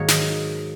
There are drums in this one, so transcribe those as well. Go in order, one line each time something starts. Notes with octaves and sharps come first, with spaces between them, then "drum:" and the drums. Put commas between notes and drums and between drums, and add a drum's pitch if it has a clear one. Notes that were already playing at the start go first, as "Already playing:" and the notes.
Already playing: G#2 D#3 F#3 A#3 C#5
D#5, drum: snare